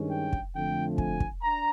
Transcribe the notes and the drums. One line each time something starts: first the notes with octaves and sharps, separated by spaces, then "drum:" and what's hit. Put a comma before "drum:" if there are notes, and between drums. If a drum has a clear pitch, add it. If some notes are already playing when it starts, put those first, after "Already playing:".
Already playing: G2 D#3 G#3 C#4
G5
drum: kick
F2 D3 F3 A3 G5
G#5, drum: kick
drum: kick
D4 A#5